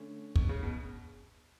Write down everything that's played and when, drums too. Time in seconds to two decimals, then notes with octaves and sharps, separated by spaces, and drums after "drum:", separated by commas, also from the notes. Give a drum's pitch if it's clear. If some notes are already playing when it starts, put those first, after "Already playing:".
Already playing: D3 A3 C#4
0.36 B2, drum: kick
0.49 C#3
0.63 B2